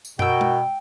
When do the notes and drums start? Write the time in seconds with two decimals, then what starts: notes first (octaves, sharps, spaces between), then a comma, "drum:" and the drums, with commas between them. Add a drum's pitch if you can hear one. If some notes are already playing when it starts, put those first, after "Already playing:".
0.05 drum: tambourine
0.19 B2 F#4 A#4 G5 E6, drum: tom
0.41 drum: tom G#3